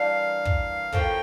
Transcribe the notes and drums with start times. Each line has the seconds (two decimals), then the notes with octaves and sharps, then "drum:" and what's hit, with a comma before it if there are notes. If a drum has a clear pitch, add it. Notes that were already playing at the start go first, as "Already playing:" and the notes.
Already playing: E3 G3 A#3 D4 F5
0.45 drum: kick
0.92 A2 F3 A#3 C#4 G5, drum: kick